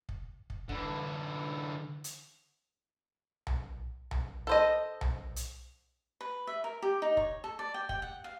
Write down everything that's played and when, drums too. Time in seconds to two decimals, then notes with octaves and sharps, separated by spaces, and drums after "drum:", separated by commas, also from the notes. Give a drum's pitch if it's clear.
0.09 drum: kick
0.50 drum: kick
0.69 D3 E3, drum: kick
2.04 drum: hi-hat
3.47 drum: tom B1
4.11 drum: tom B1
4.47 A4 C5 D#5
5.01 drum: tom B1
5.36 drum: hi-hat
6.21 B4
6.47 E5
6.64 A#4
6.82 G4
7.02 D#4
7.17 C#5, drum: kick
7.44 A4
7.59 D5
7.74 G5
7.89 G5, drum: kick
8.02 F#5
8.24 F5